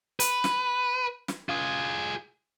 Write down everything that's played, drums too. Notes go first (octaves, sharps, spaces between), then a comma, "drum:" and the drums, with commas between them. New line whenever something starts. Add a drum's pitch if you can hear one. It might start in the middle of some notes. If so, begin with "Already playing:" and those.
B4, drum: hi-hat
drum: snare
drum: snare
F4 G#4